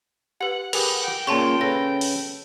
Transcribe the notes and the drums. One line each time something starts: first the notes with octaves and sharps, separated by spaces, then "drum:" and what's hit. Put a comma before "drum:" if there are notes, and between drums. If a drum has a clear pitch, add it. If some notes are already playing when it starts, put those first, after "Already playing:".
G4 B4 F#5
G4 G#4 A#4 B4, drum: cymbal
G5
A#2 C#3 A5 C6 C#6
C#3 A4 B4 A#6
drum: open hi-hat